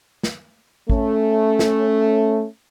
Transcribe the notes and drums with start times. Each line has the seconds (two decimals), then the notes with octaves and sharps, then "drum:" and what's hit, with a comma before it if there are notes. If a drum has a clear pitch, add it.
0.23 drum: snare
0.90 A3 C#4, drum: kick
1.59 drum: snare